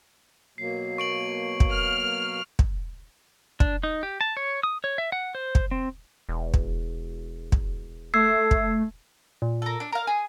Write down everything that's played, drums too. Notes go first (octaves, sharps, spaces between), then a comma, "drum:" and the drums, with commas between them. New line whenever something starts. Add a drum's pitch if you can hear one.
B2 F#3 A#3 C7
C#6 D7 F#7
drum: kick
F6
drum: kick
D4, drum: kick
D#4
G4
A5
C#5
D#6
C#5
E5
F#5
C5
drum: kick
C4
E1
drum: kick
drum: kick
A3 E6 G#6 C7
drum: kick
A#2
A4 A#4
D4
A#4 F5 A#5
G#4 G#5